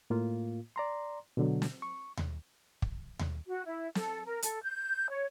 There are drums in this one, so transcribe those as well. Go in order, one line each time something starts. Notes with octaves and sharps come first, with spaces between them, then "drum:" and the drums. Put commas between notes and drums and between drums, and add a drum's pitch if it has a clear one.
A2 A#3 F4
D5 A#5 C6
B2 D3 F#3
drum: snare
C#6
drum: tom D#2
drum: kick
drum: tom D#2
F#4
E4
A4, drum: snare
A#4
A4, drum: hi-hat
G6
C#5